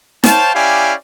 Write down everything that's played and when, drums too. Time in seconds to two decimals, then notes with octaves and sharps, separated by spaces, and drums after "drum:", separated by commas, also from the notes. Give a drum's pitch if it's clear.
0.24 C5 C#5 F5 G5 A5, drum: snare
0.54 C#4 E4 G4 D5 F5 G#5